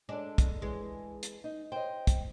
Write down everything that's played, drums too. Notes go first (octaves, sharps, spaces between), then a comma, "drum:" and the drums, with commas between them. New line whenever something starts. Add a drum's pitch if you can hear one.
G#3 D4 A4
drum: kick, hi-hat
E3 G#3
drum: hi-hat
D#4
C5 D#5 G5
drum: kick, hi-hat